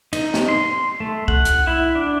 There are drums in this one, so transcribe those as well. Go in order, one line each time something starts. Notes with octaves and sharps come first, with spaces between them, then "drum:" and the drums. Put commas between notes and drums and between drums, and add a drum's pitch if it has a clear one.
D#4, drum: cymbal
drum: snare
C6
A3
F#5, drum: kick C2
drum: hi-hat
E4
D4